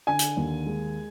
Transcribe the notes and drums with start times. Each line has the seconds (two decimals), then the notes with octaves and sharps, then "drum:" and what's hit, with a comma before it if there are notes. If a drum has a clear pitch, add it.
0.07 D3 G#5
0.19 drum: hi-hat
0.37 D#2
0.66 G#3